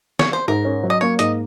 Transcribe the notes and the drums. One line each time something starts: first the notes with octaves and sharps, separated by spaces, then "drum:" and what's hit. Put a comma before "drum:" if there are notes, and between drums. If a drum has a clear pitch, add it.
C#5, drum: snare
C5
G#2 A#4
C#4
F#3
D#5
A#3 C#5
G#2 D#5, drum: hi-hat